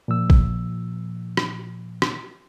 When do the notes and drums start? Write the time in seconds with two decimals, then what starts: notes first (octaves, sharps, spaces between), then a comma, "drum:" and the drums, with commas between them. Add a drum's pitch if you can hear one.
0.08 A#2 F3 E6
0.30 drum: kick A1
1.37 drum: rim click
2.02 drum: rim click